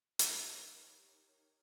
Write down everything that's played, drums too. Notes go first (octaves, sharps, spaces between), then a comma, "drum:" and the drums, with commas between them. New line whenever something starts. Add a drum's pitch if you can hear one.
D#4 G4 A#4 C#5, drum: hi-hat